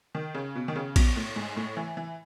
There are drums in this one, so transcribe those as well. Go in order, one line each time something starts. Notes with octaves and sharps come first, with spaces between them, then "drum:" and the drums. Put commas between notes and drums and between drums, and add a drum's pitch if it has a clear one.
D#3
C#3
B2
D#3
C#3
B2, drum: kick A#1, cymbal
A2
G#2
A2
E3
E3